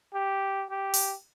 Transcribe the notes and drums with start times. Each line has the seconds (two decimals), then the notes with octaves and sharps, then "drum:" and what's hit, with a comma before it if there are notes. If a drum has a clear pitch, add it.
0.14 G4
0.70 G4
0.94 drum: open hi-hat